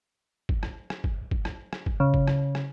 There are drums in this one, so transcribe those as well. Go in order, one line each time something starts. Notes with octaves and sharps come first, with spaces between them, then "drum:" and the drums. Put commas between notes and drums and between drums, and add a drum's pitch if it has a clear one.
drum: kick G1
drum: rim click
drum: rim click
drum: kick G1
drum: kick G1
drum: rim click
drum: rim click
drum: kick G1
C#3
drum: kick G1
drum: rim click
drum: rim click